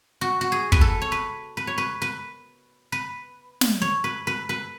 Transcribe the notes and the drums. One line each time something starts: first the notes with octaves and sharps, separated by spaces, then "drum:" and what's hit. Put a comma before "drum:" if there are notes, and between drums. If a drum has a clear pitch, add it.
F#4
F#4
G#4
B4, drum: kick
A4
C#5
B4
B4
C#5
B4
B4
B4
drum: snare
C#5
B4
B4
B4